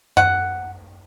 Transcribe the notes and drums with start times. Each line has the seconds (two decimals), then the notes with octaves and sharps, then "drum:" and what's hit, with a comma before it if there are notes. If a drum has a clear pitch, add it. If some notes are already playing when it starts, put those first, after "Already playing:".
0.17 F#5, drum: tom F#2